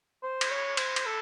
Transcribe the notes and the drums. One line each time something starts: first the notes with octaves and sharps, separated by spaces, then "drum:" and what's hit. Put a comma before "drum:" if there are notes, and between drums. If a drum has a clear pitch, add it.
C5
drum: cymbal
C#5
C5, drum: cymbal
drum: cymbal
A4